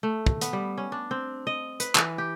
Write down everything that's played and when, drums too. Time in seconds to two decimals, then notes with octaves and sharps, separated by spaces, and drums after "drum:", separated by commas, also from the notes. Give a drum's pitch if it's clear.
0.03 A3
0.26 drum: kick
0.41 B3, drum: hi-hat
0.53 G3
0.78 C#4
0.92 D4
1.11 C4
1.47 D#5
1.80 B4, drum: hi-hat
1.95 E3, drum: clap
2.18 G4